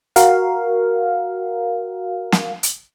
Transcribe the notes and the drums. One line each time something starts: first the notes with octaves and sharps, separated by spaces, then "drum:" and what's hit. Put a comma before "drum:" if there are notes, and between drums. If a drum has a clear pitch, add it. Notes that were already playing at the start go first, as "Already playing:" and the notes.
F#4 A#4 F5, drum: hi-hat
drum: snare
drum: hi-hat